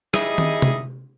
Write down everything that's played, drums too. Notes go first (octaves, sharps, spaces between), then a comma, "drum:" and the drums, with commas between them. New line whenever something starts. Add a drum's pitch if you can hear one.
G3 D#4 E4 G#4 D#5, drum: rim click
drum: tom D#3
drum: tom C3